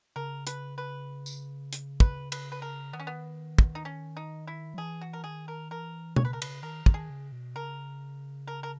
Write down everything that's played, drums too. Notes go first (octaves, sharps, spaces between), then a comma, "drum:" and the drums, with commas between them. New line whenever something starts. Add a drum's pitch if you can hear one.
C#3 A#4
B4, drum: hi-hat
B4
drum: tambourine
drum: hi-hat
B4, drum: kick
B4, drum: cymbal
B4
A#4
D#3 B3
C#4
B3
drum: kick
D#4
C#4
D#4
E4
F#3
E3 G#4
F#4
A#4
D#3 G#4
A#4
E3 A#4
C#3 C#5, drum: tom
B4
A#4
B4, drum: cymbal
D#3 A#4
D#3, drum: kick
G#4
C#3
B2
C#3 A#4
A#4
A#4